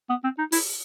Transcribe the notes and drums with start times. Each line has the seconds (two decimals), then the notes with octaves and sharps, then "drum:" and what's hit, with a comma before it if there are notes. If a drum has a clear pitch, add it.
0.10 B3
0.24 C4
0.38 D#4
0.52 E4, drum: open hi-hat